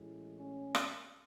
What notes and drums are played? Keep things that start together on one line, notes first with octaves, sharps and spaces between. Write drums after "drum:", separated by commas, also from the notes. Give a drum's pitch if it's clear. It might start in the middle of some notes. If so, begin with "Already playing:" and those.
Already playing: A1 A2 G#3
C#4
drum: rim click